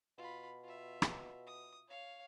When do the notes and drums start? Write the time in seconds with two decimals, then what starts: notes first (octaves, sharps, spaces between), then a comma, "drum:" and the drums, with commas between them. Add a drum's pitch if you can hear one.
0.18 B2 F4 B5
0.63 F4 E5
1.02 drum: rim click
1.47 D#6
1.88 C#5 F5